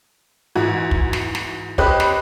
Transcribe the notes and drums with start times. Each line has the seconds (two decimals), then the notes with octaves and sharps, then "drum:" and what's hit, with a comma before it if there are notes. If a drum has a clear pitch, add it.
0.55 G#2 E3 F#4
0.91 drum: kick
1.13 drum: snare
1.35 drum: snare
1.78 C#4 G4 B4 C5 D#5 F#6, drum: kick
2.00 drum: snare